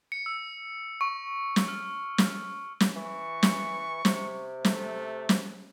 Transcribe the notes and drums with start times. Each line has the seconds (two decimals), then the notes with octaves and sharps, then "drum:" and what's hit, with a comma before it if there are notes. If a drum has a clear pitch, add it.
0.12 C#7
0.26 E6
1.01 C#6
1.56 drum: snare
1.68 F6
2.18 drum: snare
2.80 drum: snare
2.96 E3 C#6
3.43 drum: snare
4.05 C3, drum: snare
4.65 A3, drum: snare
5.29 drum: snare